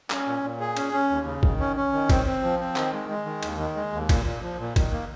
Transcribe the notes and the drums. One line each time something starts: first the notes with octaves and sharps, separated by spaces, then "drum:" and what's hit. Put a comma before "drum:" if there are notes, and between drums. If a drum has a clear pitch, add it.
C#4, drum: clap
A#2
A#2
G#4
C#4, drum: cymbal
C#4
D#2
C#3
D#3, drum: kick
C#4
C#4
D#3
C4, drum: kick, cymbal
C4
F3
C4
D#3, drum: clap
G#3
G#3
D#3
D#2, drum: cymbal
D#3
G#3
D#2
A#2, drum: kick, cymbal
A#2
F3
A#2
D#3, drum: kick, cymbal
A#3